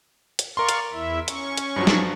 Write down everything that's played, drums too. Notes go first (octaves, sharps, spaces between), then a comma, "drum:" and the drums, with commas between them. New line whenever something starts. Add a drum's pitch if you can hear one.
drum: hi-hat
A#4 D5 F5 C6 C#6
drum: hi-hat
E2 E4 E5
C#4 C#6, drum: hi-hat
drum: hi-hat
G2 F3 F#3
drum: snare